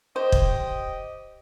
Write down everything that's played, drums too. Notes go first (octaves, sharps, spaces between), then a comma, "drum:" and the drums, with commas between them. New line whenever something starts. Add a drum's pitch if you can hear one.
G4 C5 D#5
drum: kick